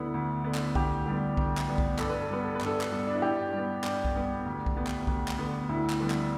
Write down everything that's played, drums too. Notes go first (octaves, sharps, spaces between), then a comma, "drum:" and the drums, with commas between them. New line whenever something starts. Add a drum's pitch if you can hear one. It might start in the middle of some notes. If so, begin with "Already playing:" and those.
Already playing: D2 D3 B3 E4
D2
D3 B3
drum: clap
D2 G4, drum: kick B1
D3 G3 B3
D2, drum: kick B1
drum: clap
D3 G3 B3
drum: kick B1
G2 A4, drum: clap
B4
A4
G3 B3 B4
A4
B4
G2, drum: clap
A4
drum: clap
G3 B3
D4
E4
G2 G4
G3
B3
G2, drum: clap
drum: kick B1
G3 B3
D2
drum: kick B1
D3 B3
drum: clap
D2, drum: kick B1
drum: clap
D3 B3
D2 E4
drum: clap
D3 G3 B3
drum: clap